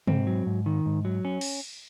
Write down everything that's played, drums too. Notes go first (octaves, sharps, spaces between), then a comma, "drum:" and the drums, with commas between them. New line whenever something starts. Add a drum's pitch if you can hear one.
G#2 C4, drum: tom
F#3
G#2
D#3
G#2
F#3
C#4
drum: cymbal